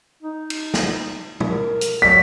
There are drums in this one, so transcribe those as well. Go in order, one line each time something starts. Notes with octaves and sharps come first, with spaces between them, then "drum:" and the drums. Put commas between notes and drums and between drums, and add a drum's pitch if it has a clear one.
D#4
drum: cymbal
drum: snare
A#4, drum: tom
drum: hi-hat
F#3 B6